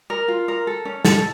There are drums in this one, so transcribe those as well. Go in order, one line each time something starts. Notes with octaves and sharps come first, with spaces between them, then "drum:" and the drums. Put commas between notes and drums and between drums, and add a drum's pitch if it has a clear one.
A#4
F4
A#4
A4
C#4
A4, drum: snare